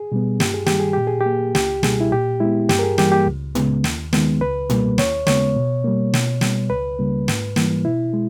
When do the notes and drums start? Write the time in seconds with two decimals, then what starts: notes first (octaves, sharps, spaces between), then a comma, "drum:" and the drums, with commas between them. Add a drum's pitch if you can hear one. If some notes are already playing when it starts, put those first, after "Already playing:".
Already playing: G#4
0.12 B2 G3 B3
0.40 G2 G4, drum: snare
0.54 G#4
0.66 D#3 G3 G4, drum: snare
0.80 G#4
0.93 A#2 G4
1.07 G#4
1.20 G4
1.26 A#3
1.55 C#2 G4, drum: snare
1.83 B2 G3 G#4, drum: snare
2.01 E4
2.11 A#2 G4
2.40 G#3 B3 E4
2.69 G2 G4, drum: snare
2.79 A#4
2.83 G#4
2.98 E3 G3 A#3 G4, drum: snare
3.12 G4
3.27 C#2
3.55 C#3 G#3 B3, drum: tom A2
3.84 D#2, drum: snare
4.13 D#3 G#3 B3, drum: snare
4.41 C#2 B4
4.70 B2 G3 A#3, drum: tom A2
4.98 D#2 C#5, drum: snare
5.27 C#3 G#3 B3 C#5, drum: snare
5.56 B2
5.84 G3 A#3
6.14 B2, drum: snare
6.41 G3 B3, drum: snare
6.70 C#2 B4
6.99 C#3 G3 A#3
7.28 G#2, drum: snare
7.56 E3 G3 A#3, drum: snare
7.85 B2 E4
8.13 G#3